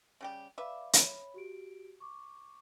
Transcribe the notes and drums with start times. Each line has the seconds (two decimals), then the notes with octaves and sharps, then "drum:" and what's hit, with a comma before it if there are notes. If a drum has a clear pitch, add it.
0.21 C#3 G3 G4
0.58 B4 D5 E5 F5 D6
0.93 C#5 B5, drum: hi-hat
1.34 F#4 G4 D7
2.00 C#6 D6